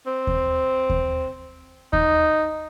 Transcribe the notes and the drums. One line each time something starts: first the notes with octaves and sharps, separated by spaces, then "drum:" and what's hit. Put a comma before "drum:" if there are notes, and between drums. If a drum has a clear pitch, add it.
C4
drum: kick D#2
drum: kick D#2
D#4, drum: kick D#2